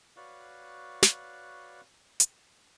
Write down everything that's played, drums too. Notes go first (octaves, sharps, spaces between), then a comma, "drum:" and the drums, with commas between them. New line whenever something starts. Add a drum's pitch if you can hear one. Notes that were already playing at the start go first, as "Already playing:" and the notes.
F#4 B4 C#5 D5 F5 F#6
drum: snare
drum: hi-hat